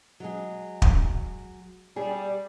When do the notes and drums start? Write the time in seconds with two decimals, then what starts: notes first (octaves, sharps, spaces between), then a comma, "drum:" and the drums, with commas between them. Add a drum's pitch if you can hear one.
0.20 F#3 G#3 G#4
0.82 drum: kick
1.96 G3 G#4 D5